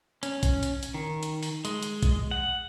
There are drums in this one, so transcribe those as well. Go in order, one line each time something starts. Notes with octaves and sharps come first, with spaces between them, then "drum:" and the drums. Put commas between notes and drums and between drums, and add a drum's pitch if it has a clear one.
C#4, drum: hi-hat
drum: kick A#1, hi-hat
drum: hi-hat
drum: hi-hat
D#3
drum: hi-hat
drum: open hi-hat
G#3, drum: hi-hat
drum: hi-hat
drum: kick A#1, hi-hat
F#5